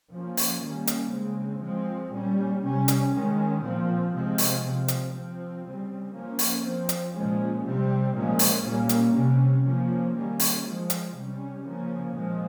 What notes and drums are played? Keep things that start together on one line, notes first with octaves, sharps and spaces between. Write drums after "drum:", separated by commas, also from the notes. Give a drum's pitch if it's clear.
F3 A#3 C#4
drum: open hi-hat
D#3 G3 A#3 C#4
drum: hi-hat
C#3 G#3 C4
F3 G#3 C4
A#2 G3 C#4
C3 G3 C#4
drum: hi-hat
D#3 G#3 C#4
A#2 F3 C4
C3 F3 G#3 C4
drum: open hi-hat
C3 F3 C4
drum: hi-hat
F3 C4
C#3 G3 C4
F3 A#3 C#4
drum: open hi-hat
F3 C4
drum: hi-hat
A#2 F3 G#3 C#4
C3 G3 C4
A#2 F3 G#3 C#4
drum: open hi-hat
A#2 G3 A#3 C#4
drum: hi-hat
C3 G3 C#4
F3 A#3 C#4
D#3 G3 A#3 C#4
drum: open hi-hat
F3 G#3 C4
drum: hi-hat
C3 G3 C#4
C#3 F3 A#3 C#4
A#2 F3 G#3